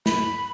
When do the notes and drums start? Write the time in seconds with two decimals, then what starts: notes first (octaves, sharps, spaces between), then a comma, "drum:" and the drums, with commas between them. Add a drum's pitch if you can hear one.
0.06 B5, drum: snare